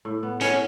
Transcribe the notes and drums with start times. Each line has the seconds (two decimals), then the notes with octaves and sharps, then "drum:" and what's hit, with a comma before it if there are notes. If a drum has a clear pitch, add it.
0.05 A2
0.23 B3
0.41 B3 C#4, drum: hi-hat